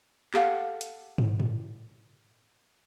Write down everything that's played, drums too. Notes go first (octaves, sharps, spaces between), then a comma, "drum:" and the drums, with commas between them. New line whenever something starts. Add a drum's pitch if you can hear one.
G4 A4 F5 F#5, drum: clap
drum: hi-hat
drum: tom
drum: tom A2